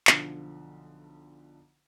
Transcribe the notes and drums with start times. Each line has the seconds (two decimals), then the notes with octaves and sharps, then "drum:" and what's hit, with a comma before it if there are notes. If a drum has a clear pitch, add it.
0.07 B1 D3 F3, drum: clap